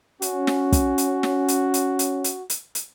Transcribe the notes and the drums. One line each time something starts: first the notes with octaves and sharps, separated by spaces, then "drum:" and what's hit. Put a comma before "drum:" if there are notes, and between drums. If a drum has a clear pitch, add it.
C#4 F#4, drum: hi-hat
drum: snare
drum: kick, hi-hat
drum: hi-hat
drum: snare
drum: hi-hat
drum: hi-hat
drum: hi-hat
drum: hi-hat
drum: hi-hat
drum: hi-hat